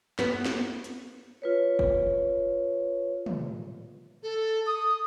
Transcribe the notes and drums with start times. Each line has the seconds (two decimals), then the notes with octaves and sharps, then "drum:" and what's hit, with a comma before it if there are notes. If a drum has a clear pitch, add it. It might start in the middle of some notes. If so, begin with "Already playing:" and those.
0.19 B3, drum: snare
0.45 drum: snare
0.84 drum: hi-hat
1.42 F4 B4 C#5
1.79 drum: kick F#1
3.26 drum: tom
4.23 A4
4.67 D#6